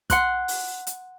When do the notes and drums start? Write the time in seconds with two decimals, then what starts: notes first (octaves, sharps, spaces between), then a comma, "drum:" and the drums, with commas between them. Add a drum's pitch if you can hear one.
0.10 F#5 C6 F#6, drum: kick, hi-hat
0.48 drum: open hi-hat
0.87 drum: hi-hat